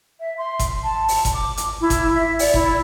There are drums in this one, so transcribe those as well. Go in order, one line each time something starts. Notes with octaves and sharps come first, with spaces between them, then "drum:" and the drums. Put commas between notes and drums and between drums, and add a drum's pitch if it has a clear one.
E5
C6
drum: kick G1, hi-hat
A5
drum: open hi-hat
drum: kick G1, hi-hat
D6
drum: hi-hat
E4
drum: kick G1, hi-hat
E5
D5, drum: open hi-hat
E4, drum: kick G1